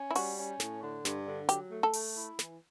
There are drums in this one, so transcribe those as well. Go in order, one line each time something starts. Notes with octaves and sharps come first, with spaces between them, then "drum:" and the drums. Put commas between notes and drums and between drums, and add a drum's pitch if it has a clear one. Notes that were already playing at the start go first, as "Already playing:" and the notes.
Already playing: C#4
E4
G3 F#4, drum: open hi-hat
C#4
A2, drum: snare
D3
G2, drum: snare
D3
F#3 G4, drum: hi-hat
A3
A4
A3, drum: open hi-hat
E4
E3, drum: snare